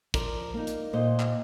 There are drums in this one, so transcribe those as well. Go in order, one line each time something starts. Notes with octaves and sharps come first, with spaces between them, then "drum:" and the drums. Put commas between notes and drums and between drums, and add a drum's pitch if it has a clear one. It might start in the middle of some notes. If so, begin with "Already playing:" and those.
F3 A#4 D5, drum: kick, hi-hat
A#3 D#4
drum: hi-hat
A#2 C5 D#5
drum: clap